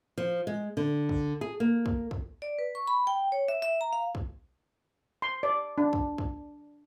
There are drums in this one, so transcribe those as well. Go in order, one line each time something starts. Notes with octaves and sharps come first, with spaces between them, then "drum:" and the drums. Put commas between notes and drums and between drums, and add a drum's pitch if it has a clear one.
F3
G#3
D3
drum: kick
G#4
A#3
drum: kick
drum: kick
D5
B4
C#6
B5
G5
C#5
E5
E5
A#5
F5
drum: kick
C6
D5
D4
drum: kick
drum: kick